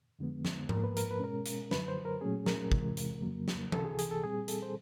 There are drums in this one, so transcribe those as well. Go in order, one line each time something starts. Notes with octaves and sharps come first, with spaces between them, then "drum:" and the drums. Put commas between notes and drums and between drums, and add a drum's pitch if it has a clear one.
F2 D3 F3 G#3 B3
drum: snare
G#2 F3 A#3 A#4, drum: tom G#2
B4
A#4, drum: hi-hat
B4
B2 G#3 C#4 A#4
drum: hi-hat
F#2 D3 F#3 B4, drum: snare
C5
A#4
A#2 F#3 A3 C#4 G#4
A#4, drum: snare
E2 C3 E3 G#3, drum: kick
drum: hi-hat
F2 C#3 F#3 A#3
drum: snare
C2 C3 E3 A4, drum: tom E3
G#4
G#4, drum: hi-hat
A4
A#2 G3 C4 G#4
A4, drum: hi-hat
C5